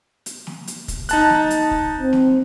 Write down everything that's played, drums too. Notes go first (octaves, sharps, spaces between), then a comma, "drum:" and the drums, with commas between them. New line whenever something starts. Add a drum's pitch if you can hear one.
drum: hi-hat
drum: snare
drum: hi-hat
drum: kick, hi-hat
D#4 A5 F#6, drum: hi-hat
drum: snare
drum: hi-hat
drum: kick
C4
drum: snare